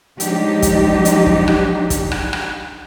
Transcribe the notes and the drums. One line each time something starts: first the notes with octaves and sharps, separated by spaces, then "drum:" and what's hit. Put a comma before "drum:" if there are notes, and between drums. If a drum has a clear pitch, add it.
F3 F#3 G#3 D4 D#4 G4, drum: hi-hat
drum: kick, hi-hat
drum: hi-hat
drum: kick
drum: rim click
drum: kick, hi-hat
drum: rim click
drum: rim click